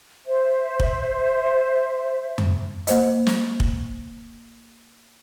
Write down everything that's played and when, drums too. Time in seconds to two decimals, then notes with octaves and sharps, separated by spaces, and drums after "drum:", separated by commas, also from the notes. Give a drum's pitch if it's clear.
0.27 C5 E5
0.80 drum: kick
2.38 drum: tom F2
2.87 A#3 C5 D#5, drum: hi-hat
3.27 drum: snare
3.60 drum: kick